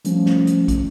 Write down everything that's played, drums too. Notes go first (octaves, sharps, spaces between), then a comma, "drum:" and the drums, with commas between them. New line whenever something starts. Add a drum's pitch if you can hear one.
F3 G3 A3 C#4, drum: hi-hat
drum: snare
drum: hi-hat
drum: kick, hi-hat